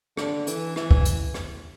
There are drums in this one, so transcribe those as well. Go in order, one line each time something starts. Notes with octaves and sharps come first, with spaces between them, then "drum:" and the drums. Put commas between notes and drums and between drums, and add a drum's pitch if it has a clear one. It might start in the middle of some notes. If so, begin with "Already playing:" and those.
D3, drum: rim click
E3, drum: hi-hat
E3, drum: rim click
drum: kick
drum: hi-hat
drum: rim click